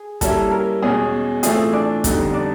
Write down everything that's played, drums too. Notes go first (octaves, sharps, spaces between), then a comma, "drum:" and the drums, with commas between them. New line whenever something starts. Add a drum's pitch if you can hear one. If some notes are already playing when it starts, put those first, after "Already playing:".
Already playing: G#4
G3 A#3 C#4 E4 A4, drum: kick, hi-hat
A#4
E2 B2 G#3 C#4 G#4
A2 E3 A3 C4 F4 G#4, drum: hi-hat
D4
F2 D3 G3 B3 D#4, drum: kick, hi-hat
D4